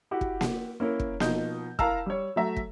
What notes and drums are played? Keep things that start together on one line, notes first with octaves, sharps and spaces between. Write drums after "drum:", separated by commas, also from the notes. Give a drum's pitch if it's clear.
E4 F#4 G4
drum: kick
drum: snare A#3
A#3 C#4 E4 A#4
drum: kick
B2 F3 D#4 G6, drum: snare A#3
E4 A#4 F5 A5 A#5 E6, drum: kick
G3 C#5
F#3 A3 E5 A#5
drum: kick